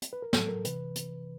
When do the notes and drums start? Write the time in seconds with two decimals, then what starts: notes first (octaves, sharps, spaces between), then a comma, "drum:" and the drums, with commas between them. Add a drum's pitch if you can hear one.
0.02 drum: hi-hat
0.13 B4
0.22 A#4
0.33 A2 F#3 A4, drum: snare
0.49 A#4
0.65 C3 E3 B4, drum: hi-hat
0.95 drum: hi-hat